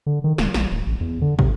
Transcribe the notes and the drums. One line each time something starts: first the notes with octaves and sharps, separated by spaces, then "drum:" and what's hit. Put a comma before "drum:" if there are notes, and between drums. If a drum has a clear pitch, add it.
D3
D#3
D1, drum: snare
A#1, drum: snare
D1
A1
E2
D3
C3, drum: kick